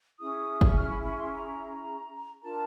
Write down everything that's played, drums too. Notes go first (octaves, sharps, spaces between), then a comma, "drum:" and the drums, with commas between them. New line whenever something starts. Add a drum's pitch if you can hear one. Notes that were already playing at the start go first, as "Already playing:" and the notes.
C#4 E4 G#4 D#6
drum: kick
F6
B5
B5
C6
A#5
D4 F4 A#4 A5